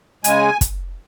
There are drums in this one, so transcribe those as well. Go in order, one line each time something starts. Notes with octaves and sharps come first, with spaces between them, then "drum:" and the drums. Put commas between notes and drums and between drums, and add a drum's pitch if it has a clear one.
C#3 G#3 G#5, drum: hi-hat
drum: kick, hi-hat